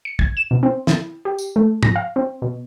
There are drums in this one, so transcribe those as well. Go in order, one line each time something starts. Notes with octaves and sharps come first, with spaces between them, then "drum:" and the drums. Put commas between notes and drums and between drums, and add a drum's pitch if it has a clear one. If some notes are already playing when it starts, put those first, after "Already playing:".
C#7
G#6, drum: kick
E7
B2
C4
E4, drum: snare
G4
drum: tambourine
A3
A#6, drum: tom
F5
C4
B2